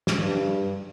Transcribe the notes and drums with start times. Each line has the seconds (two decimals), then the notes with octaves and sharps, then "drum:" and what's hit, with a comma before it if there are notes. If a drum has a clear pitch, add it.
0.07 drum: snare
0.19 G2